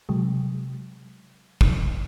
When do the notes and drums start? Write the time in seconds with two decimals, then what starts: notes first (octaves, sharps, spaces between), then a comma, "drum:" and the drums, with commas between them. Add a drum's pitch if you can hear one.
0.09 C3 F#3 G#3
1.61 drum: kick